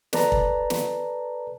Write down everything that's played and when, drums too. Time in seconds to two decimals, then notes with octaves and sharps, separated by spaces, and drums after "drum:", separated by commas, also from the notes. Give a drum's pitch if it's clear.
0.13 A4 B4 D5 A5 A#5, drum: snare
0.32 drum: kick
0.70 drum: snare